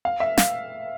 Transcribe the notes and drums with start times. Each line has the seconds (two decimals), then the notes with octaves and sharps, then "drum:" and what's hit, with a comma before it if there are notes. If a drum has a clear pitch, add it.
0.05 F5
0.20 E5
0.38 F5, drum: snare